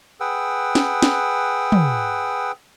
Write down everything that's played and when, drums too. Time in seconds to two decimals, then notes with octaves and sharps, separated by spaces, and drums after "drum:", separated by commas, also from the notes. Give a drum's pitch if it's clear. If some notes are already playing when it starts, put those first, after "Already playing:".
0.20 G#4 B4 F#5 G5 E6
0.75 drum: snare
1.02 drum: snare
1.72 drum: tom